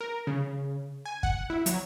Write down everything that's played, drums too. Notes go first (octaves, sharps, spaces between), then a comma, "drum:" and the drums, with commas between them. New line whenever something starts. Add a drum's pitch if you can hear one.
A#4
C#3
G#5
F#5, drum: kick
E4
F#3, drum: hi-hat